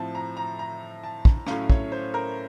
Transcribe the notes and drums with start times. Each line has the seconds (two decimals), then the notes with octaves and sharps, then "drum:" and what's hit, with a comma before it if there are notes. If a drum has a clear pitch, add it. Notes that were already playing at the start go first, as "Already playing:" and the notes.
Already playing: A2 F3 C4 A5
0.15 A#5
0.37 A#5
0.59 A#5
1.03 A5
1.25 drum: kick
1.47 A2 F#3 A3 C#4 F5, drum: rim click
1.70 C#5, drum: kick
1.92 C5
2.14 A#4